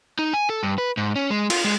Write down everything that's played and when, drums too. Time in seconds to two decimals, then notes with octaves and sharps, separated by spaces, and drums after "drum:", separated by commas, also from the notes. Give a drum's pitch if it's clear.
0.19 D#4
0.33 G#5
0.50 A4
0.63 G2
0.78 B4
0.97 G#2
1.16 C#4
1.30 G#3
1.50 F4, drum: cymbal
1.65 G#3